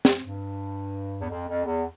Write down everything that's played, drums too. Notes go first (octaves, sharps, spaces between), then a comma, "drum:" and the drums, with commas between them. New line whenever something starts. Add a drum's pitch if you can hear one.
drum: snare
G2
E2
F2
F2
E2